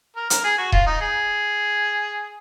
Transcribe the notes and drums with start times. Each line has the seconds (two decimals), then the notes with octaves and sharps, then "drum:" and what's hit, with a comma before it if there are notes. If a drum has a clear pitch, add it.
0.16 A#4
0.30 A#4, drum: hi-hat
0.44 G#4
0.58 F#4
0.72 F4, drum: kick D#1
0.86 D#4
1.01 G#4